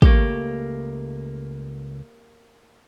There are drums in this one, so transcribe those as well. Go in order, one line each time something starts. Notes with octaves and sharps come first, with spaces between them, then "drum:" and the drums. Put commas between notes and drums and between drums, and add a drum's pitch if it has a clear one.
C#2 A3 A#3 G4 C#5, drum: kick